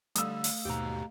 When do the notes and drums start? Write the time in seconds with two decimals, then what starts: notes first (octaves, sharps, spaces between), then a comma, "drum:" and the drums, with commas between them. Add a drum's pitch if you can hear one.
0.16 D3 G3 A3 F5 D#6 E6, drum: hi-hat
0.44 drum: open hi-hat
0.65 D#2 G#2 B2 G4 A#5